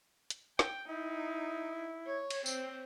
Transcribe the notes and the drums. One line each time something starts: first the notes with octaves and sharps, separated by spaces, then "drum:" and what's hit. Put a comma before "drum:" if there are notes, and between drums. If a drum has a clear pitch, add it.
drum: hi-hat
G5, drum: snare
D#4 E4
C#5
drum: cymbal
C4, drum: tambourine